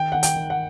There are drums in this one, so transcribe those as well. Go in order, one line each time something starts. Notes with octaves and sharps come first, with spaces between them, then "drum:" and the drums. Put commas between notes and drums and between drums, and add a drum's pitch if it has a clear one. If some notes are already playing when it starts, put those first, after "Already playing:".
Already playing: D#3 G5
D#3 F#5
G5, drum: hi-hat
D#3
F#5